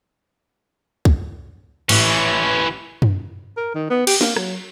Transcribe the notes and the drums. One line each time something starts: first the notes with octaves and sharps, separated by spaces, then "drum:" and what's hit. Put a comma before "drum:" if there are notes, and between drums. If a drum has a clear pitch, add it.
drum: kick
A1 E3 C#4, drum: cymbal
drum: tom F#2
A#4
D#3
B3
G4, drum: cymbal
A#3, drum: snare
F#3, drum: rim click